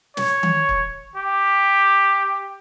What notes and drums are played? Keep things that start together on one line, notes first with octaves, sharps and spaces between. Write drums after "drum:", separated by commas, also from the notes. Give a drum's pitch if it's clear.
C#5, drum: snare
drum: tom D#3
drum: kick
G4